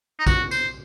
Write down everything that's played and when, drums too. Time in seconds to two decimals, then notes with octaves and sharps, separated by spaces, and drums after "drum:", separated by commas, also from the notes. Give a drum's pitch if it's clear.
0.19 D#4
0.27 F#4, drum: kick A#1, tambourine
0.51 C5, drum: tambourine